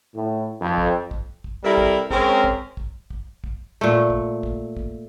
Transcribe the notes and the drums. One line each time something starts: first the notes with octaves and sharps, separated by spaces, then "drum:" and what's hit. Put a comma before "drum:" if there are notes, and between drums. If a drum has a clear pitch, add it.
A2
F2
drum: kick
drum: kick
drum: kick
C3 G3 E4 A4 A#4
drum: kick
G#3 C4 C#4 G#4 A#4, drum: kick
drum: kick
drum: kick
drum: kick
drum: kick
A#2 A3
drum: kick
drum: kick
drum: kick